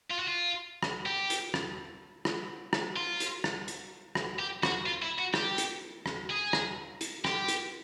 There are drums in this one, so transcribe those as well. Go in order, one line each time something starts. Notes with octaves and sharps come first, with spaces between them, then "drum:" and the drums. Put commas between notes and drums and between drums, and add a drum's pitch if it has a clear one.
F4
F#4
F4
drum: rim click
G4
drum: hi-hat
drum: rim click
drum: rim click
drum: rim click
F4
drum: hi-hat
drum: rim click
drum: hi-hat
drum: rim click
G4
F#4, drum: rim click
F4
E4
F#4
G4, drum: rim click
drum: hi-hat
drum: rim click
G#4
drum: rim click
drum: hi-hat
G4, drum: rim click
drum: hi-hat